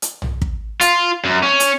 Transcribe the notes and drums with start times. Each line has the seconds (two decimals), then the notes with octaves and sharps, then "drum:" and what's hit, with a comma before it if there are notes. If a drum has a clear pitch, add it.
0.02 drum: hi-hat
0.22 drum: tom
0.42 drum: kick
0.81 F4, drum: hi-hat
1.25 F#2
1.43 C#4
1.60 drum: hi-hat